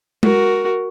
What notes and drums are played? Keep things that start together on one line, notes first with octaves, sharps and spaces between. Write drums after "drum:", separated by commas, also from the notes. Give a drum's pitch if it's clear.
F#4 A#4, drum: tom G#3